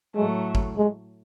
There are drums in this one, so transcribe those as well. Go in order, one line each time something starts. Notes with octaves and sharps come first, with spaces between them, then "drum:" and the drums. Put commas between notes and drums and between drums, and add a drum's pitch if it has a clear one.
A2 F#3 G#3 A3
drum: kick G#1
G#3